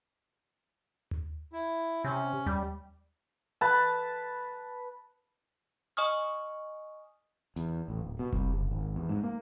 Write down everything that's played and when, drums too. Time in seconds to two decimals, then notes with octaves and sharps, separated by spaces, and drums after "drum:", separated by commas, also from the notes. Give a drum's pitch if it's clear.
1.11 drum: tom D#2
1.53 E4
2.04 C3 C#4
2.46 G3, drum: tom D#2
3.61 B4 A5
5.97 D#5 G#5 C#6 D#6 F6
7.56 E2, drum: hi-hat
7.88 A1
8.01 D1
8.19 B2
8.33 C2, drum: kick F1
8.52 F#1
8.71 G#1
8.96 E2
9.09 G#2
9.24 A#3